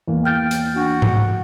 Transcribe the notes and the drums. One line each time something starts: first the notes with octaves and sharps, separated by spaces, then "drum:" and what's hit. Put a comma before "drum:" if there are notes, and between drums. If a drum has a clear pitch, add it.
E2 A#3
G5 F6 G6 A6
drum: hi-hat
D4 F#4
drum: tom G#2